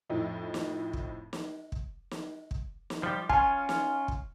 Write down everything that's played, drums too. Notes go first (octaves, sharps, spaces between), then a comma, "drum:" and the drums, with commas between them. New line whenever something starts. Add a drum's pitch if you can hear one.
F2 A2 F3 D#4 E4
drum: snare
drum: kick
drum: snare
drum: kick
drum: snare
drum: kick
drum: snare
F3 G3 G4
C#4 F4 G#5, drum: kick
drum: snare
drum: kick